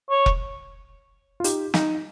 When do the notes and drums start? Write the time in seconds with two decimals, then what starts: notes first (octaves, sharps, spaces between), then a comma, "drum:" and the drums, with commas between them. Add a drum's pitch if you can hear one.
0.10 C#5
0.26 drum: kick F1
1.40 F4
1.44 D#4 G4, drum: hi-hat
1.74 D#4, drum: snare